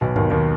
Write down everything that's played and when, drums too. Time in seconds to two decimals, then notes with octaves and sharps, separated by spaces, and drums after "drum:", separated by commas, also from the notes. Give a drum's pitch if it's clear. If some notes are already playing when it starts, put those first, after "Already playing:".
0.01 B1 B2
0.16 D#2 D#3, drum: tom G2
0.30 D#2 D#3